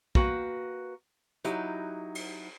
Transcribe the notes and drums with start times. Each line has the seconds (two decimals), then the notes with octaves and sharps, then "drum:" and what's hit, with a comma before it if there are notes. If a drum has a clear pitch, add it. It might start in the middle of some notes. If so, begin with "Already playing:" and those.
0.15 A#3 F#4 B4 G5, drum: kick
1.44 F#3 D#4 E4 G4, drum: hi-hat
2.15 drum: cymbal